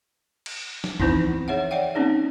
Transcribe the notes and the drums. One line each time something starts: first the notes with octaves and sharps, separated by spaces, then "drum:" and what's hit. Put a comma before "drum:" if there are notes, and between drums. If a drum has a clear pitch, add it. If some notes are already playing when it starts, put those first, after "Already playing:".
drum: cymbal
drum: snare
E3 F3 B3 C4 D#4 E4, drum: kick
G#4 C#5 E5 F#5
C#5 D5 E5 F#5 G5
A#3 C4 C#4 D#4 G#4